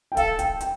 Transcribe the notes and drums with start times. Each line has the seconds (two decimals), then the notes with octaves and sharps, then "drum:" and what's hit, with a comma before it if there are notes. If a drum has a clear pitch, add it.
0.12 G5
0.17 A4 F5, drum: kick, hi-hat
0.39 G5, drum: kick, hi-hat
0.61 G5, drum: hi-hat